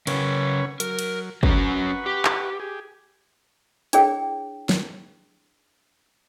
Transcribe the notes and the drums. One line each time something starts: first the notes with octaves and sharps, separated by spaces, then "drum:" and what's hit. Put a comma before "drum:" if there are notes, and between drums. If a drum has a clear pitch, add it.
C#3 C#4 A#4 B4 C#5, drum: cymbal
F#3 A#4, drum: hi-hat
drum: cymbal
F#3 C#4 B4 F#5 A#5 C#6, drum: kick
G4
drum: clap
G4 G#4
D4 E4 G#4 C#5 G5, drum: hi-hat
drum: snare